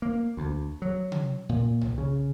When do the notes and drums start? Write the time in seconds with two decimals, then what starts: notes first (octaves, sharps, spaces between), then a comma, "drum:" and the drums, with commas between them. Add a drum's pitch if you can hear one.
0.02 A#3
0.37 D2
0.82 F#3
1.12 drum: tom C3
1.49 A#2
1.81 drum: tom B1
1.98 C#3